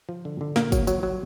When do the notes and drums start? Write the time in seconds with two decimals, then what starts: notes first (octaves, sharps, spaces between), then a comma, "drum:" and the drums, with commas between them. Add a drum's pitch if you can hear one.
0.09 F3
0.25 D3
0.41 D3
0.56 A#2 A#3, drum: snare
0.72 F#3, drum: kick G1, tambourine
0.87 F#3, drum: tambourine
1.03 F#3